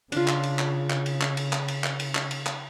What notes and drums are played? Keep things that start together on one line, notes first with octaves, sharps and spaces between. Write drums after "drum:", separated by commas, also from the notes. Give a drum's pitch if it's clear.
C#3 D4 F4, drum: cymbal
drum: clap
drum: cymbal
drum: clap
drum: clap
drum: cymbal
drum: clap
drum: cymbal
drum: clap
drum: cymbal
drum: clap
drum: cymbal
drum: clap
drum: cymbal
drum: clap